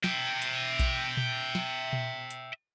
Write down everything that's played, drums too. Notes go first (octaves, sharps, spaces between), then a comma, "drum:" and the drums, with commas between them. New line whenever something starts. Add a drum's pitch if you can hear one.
E5 G5, drum: snare
drum: hi-hat
drum: kick A#1, hi-hat
drum: tom A#2
drum: snare
drum: tom A#2
drum: hi-hat